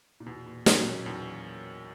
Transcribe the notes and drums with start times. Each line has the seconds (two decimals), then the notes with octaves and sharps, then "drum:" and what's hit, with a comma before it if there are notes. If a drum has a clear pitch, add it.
0.20 A#2
0.26 E2 B2
0.46 A#2
0.66 A#2 D#3 F#3 A#3 C#4, drum: snare
0.87 B2
1.06 E2 B2 D#3